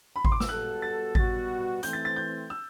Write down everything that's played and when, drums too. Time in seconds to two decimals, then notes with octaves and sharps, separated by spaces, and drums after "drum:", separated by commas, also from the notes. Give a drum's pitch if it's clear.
0.16 B5
0.25 C6, drum: kick G#1
0.32 D6
0.40 E6, drum: snare
0.48 G3 B3 F#4 A4 F#6
0.82 A6
1.15 B2 G3 B3 F#4 A6, drum: kick G#1
1.83 E3 A3 C4 G6, drum: hi-hat
1.93 A6
2.05 A6
2.16 G6
2.50 E6